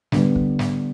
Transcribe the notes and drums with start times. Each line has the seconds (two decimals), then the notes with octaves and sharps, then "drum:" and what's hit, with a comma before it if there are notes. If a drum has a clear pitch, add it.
0.12 D3 G3 B3, drum: snare
0.36 drum: kick
0.59 drum: snare